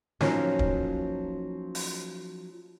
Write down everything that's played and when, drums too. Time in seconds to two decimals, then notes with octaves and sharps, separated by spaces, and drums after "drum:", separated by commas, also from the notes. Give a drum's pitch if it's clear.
0.21 F3 F#3 A#3 C#4 D#4, drum: snare
0.59 drum: kick
1.75 drum: open hi-hat